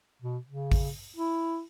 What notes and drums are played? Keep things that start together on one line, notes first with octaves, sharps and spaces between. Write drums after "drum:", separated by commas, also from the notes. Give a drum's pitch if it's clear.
B2
C#3
drum: kick, open hi-hat
E4